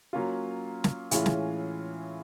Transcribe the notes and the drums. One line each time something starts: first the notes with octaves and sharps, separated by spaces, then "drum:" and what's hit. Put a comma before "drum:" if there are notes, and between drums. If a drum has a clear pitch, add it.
F#3 A#3 C#4 F4
drum: snare
A2 E3 G#3 C#4 F4, drum: hi-hat
drum: snare